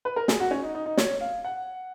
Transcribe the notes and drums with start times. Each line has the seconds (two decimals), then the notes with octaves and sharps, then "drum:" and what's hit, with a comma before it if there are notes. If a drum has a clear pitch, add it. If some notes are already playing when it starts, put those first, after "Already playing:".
0.05 B4
0.16 A#4
0.28 G#4, drum: snare
0.40 F#4
0.51 C#4
0.63 D#4
0.75 D#4
0.86 D#4
0.97 C#5, drum: snare
1.21 F5
1.45 F#5